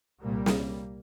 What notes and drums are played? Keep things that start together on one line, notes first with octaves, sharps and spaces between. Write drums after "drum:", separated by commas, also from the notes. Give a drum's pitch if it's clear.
C2 A#2 G3 A#3
drum: snare